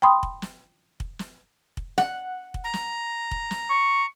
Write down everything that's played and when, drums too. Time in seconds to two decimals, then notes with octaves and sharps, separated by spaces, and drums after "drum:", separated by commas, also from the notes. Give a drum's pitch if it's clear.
0.02 G5 B5 C6 D#6
0.23 drum: kick
0.42 drum: snare
1.00 drum: kick
1.19 drum: snare
1.77 drum: kick
1.98 F#5, drum: snare
2.54 drum: kick
2.64 A#5
2.74 drum: snare
3.31 drum: kick
3.51 drum: snare
3.70 C#6